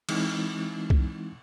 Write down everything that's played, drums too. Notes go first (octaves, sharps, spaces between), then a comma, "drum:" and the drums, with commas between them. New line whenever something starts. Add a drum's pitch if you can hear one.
E3 G#3 C4 D#4 E4, drum: cymbal
drum: kick C2